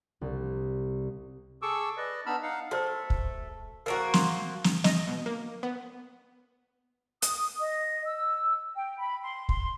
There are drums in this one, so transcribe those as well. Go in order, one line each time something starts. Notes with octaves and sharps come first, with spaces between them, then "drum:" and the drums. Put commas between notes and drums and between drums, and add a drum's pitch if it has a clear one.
C2
G#4 A4 C#6 D6 E6
B4 D5 D#5
B3 D4 D#4 B5 E6 F6
D#4 F5 F#5
A3 F#4 C5 E6
drum: kick
F3 A#3 F#4 A#4
C6, drum: snare
drum: snare
D#5, drum: snare
B2
A#3
B3
D#6, drum: hi-hat
D#5
E6
G5
B5
C6
C6, drum: kick